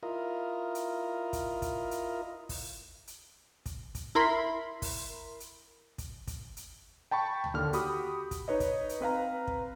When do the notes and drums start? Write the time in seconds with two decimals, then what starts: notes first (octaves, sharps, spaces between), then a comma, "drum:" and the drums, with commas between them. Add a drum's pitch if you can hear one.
0.03 E4 F4 A#4 D#5
0.75 drum: hi-hat
1.33 drum: kick, hi-hat
1.62 drum: kick, hi-hat
1.91 drum: hi-hat
2.49 drum: kick, open hi-hat
3.07 drum: hi-hat
3.66 drum: kick, hi-hat
3.95 drum: kick, hi-hat
4.15 E4 A#4 B5 C6
4.82 drum: kick, open hi-hat
5.40 drum: hi-hat
5.98 drum: kick, hi-hat
6.27 drum: kick, hi-hat
6.57 drum: hi-hat
7.11 G5 A5 B5 C#6
7.44 drum: tom C#2
7.54 D#2 D3 D4 F6
7.73 F#4 G4 B5 D#6, drum: hi-hat
8.31 drum: kick, hi-hat
8.48 D#4 B4 C#5 D#5
8.60 drum: kick, hi-hat
8.89 drum: hi-hat
9.01 C4 B4 F5 A#5
9.47 drum: kick